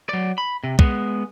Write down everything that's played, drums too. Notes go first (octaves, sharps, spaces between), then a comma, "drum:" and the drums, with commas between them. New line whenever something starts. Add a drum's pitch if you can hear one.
F#3 D5
B5
C3
G#3 B3, drum: kick